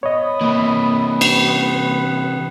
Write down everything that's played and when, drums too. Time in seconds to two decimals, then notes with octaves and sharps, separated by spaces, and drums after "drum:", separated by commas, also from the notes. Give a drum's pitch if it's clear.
0.03 B3 C#5 D#5
0.41 C3 E3 A#3 B5
1.21 drum: cymbal
1.47 B4